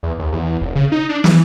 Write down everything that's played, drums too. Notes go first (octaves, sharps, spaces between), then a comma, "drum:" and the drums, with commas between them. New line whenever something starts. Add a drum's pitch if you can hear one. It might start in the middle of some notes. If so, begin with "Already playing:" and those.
E2
D#2
E2
E2
F1
C#3
D#4
D4
E3, drum: snare